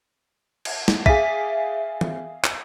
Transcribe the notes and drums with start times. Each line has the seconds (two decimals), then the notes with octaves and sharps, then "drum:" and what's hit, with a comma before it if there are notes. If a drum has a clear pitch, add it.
0.65 drum: cymbal
0.88 drum: snare
1.06 G#4 E5 F5 B6, drum: kick
2.01 drum: tom
2.44 drum: clap